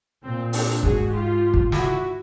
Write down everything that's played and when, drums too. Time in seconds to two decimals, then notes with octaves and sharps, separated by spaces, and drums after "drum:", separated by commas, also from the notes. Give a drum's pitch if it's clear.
0.24 A#2 C4
0.53 C4 D4, drum: open hi-hat
0.83 G#2 F#4 G#4, drum: kick
1.13 F4 G4
1.54 drum: kick
1.72 E4 F#4, drum: snare